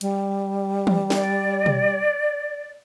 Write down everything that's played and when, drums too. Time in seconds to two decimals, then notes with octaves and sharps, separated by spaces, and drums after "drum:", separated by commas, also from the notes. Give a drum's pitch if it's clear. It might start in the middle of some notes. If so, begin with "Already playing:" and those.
0.01 G3, drum: hi-hat
0.87 drum: tom E3
1.10 D5, drum: snare
1.66 drum: tom B2